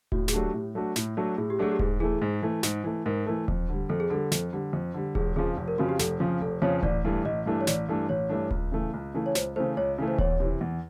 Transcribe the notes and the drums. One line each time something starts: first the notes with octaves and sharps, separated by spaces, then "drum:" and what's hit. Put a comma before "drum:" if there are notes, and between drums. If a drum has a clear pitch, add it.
A2 F#4, drum: kick D#1
G#4, drum: snare
F#3 A3 D4 F#4 G4
A2
F#3 A3 D4 F#4
A2, drum: snare
F#3 A3 D4 F#4
A2 G#4
G4
F#3 A3 D4 F#4 G#4
G4
G#2 G#4, drum: kick D#1
E3 A3 G#4
G#2
E3 A3
G#2, drum: snare
E3 A3
G#2 A#4
E3 A3
F2, drum: kick D#1
D3 G3
F2 A4
G#4
D3 G3 A4
F2, drum: snare
D3 G3
F2
D3 G3
F1 G#4, drum: kick D#1
F2 C#3 F3 G#4
F1
A#4
F2 C#3 F3 F#4
G4
F1 A4, drum: snare
F2 C#3 F3
F1 A4
F2 C#3 F3 C#5
A1 D5, drum: kick D#1
G2 E3 A3 D4
A1 D#5
G2 E3 A3 D4
C#5
A1 D5, drum: snare
G2 E3 A3 D4
A1 C#5
G2 E3 A3 D4
C#2, drum: kick D#1
C#3 E3 A3
C#2
C#3 E3 A3
C#5
C#2 C5, drum: snare
C#3 E3 A3 C5
C#2 C#5
C#3 E3 A3
C5
E2 C#5, drum: kick D#1
C3 E3
E2